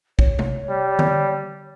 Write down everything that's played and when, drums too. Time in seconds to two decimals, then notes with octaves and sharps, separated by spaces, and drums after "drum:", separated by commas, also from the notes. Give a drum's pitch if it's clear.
0.19 C#5, drum: kick
0.39 drum: tom C3
0.69 G3
0.99 drum: tom D3